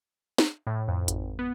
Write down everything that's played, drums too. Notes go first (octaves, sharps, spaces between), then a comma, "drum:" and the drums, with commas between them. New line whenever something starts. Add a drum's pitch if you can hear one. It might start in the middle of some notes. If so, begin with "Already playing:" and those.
drum: snare
A2
F2
G#1, drum: hi-hat
B3